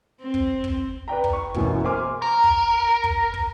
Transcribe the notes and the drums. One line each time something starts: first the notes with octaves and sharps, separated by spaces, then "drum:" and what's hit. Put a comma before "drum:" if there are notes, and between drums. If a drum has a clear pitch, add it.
C4
drum: kick
drum: kick
B4 D5 G5 A#5
drum: kick
C#6
F#2 B2 E3 F#3 A#3, drum: kick
A#4 C5 G#5 C6 D6 F6
A#4
drum: kick
drum: kick
drum: kick